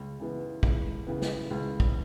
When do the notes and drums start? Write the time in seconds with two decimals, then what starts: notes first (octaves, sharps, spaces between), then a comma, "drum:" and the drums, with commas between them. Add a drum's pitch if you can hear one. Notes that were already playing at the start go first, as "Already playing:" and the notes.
Already playing: C#2
0.20 C#3 E3 B3
0.63 C#2, drum: kick
1.07 C#3 E3 B3
1.22 drum: snare
1.51 C#2
1.80 drum: kick